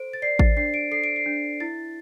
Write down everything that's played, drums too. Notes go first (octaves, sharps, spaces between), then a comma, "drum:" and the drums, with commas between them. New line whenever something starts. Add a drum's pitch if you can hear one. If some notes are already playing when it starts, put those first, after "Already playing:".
Already playing: A4 C5 D7
A6
D5 C7
A6, drum: kick A1
D4 C7
D7
A4 C7
D7
C7
D4
E4 A6